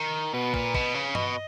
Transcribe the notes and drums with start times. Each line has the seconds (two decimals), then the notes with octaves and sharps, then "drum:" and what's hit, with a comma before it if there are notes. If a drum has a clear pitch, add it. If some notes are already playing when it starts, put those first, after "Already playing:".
Already playing: D#3
0.33 B2 B4
0.54 A#2, drum: kick
0.74 B2, drum: kick
0.94 C#3
1.15 B2 D#5, drum: tom G2